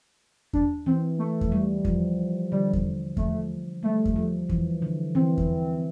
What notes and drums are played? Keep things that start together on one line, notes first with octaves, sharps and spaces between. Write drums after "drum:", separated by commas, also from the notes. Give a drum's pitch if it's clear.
D4, drum: kick E2
E3 C4
A3
drum: kick E2
G3
F3, drum: kick E2
D3 G3
drum: kick E2
F3 A3, drum: kick E2
G3 A3
drum: kick E2
F3
E3, drum: kick E2
D3
E3 C4
drum: kick E2